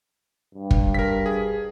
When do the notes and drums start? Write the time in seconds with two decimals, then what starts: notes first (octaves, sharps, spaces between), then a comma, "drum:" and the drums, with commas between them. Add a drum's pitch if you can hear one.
0.55 G2
0.71 drum: kick
0.94 A#4 B6
1.26 G#4